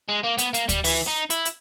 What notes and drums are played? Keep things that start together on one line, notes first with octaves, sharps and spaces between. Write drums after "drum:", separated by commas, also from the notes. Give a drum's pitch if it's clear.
G#3
A#3
B3, drum: hi-hat
A#3, drum: hi-hat
G3, drum: kick D2, hi-hat
E3, drum: open hi-hat
D#4
E4, drum: hi-hat
drum: hi-hat